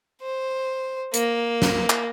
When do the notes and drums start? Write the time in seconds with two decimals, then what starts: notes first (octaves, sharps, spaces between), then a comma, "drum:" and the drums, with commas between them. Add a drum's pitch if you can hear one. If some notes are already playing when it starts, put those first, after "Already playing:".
0.22 C5
1.14 A#3, drum: hi-hat
1.62 drum: snare
1.90 drum: clap